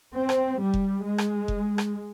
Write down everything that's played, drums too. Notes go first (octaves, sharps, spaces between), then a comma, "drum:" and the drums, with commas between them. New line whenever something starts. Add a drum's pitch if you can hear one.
C4
drum: rim click
G3
drum: kick F1
G#3
drum: rim click
drum: kick F1
drum: rim click